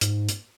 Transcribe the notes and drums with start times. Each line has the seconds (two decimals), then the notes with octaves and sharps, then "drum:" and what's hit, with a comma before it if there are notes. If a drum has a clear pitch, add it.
0.01 G#2, drum: hi-hat
0.29 drum: hi-hat